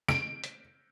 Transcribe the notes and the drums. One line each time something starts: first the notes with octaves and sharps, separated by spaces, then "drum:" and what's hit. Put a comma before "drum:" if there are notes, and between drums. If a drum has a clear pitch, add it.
D7, drum: snare
drum: hi-hat